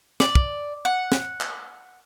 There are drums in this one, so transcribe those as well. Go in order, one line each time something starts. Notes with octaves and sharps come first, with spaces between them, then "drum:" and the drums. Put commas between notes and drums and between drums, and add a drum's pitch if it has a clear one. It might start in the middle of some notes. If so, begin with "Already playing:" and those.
D5, drum: snare
drum: kick
F#5
drum: snare
drum: clap